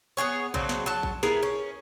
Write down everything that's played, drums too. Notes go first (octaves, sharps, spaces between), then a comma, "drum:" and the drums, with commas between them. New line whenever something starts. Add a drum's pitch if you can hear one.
B3 D#4 G#4 C#5
C#3 F#3 C4 D4, drum: kick A#1
drum: snare
F#3 A5
drum: kick A#1
B3 E4 G#4 A#4, drum: snare
C#4